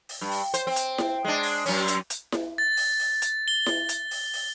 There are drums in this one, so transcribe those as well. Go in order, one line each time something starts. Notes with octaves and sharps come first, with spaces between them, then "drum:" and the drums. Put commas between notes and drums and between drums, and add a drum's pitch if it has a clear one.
drum: open hi-hat
G2
drum: open hi-hat
C5, drum: hi-hat
C4
drum: hi-hat
drum: snare E4
G#3 D4
drum: open hi-hat
F#2 C#4, drum: open hi-hat
drum: hi-hat
drum: hi-hat
drum: snare E4
A6
drum: open hi-hat
drum: open hi-hat
drum: hi-hat
G7
drum: snare E4
drum: hi-hat
drum: open hi-hat
drum: open hi-hat